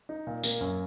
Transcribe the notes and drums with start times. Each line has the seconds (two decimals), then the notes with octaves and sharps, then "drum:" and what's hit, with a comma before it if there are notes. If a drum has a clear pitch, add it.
0.09 D#4
0.27 A#2
0.44 A#3, drum: tambourine
0.61 F#2